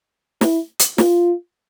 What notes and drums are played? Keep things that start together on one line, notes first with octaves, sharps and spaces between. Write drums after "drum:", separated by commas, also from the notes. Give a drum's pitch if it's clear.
E4, drum: snare
drum: hi-hat
F4, drum: snare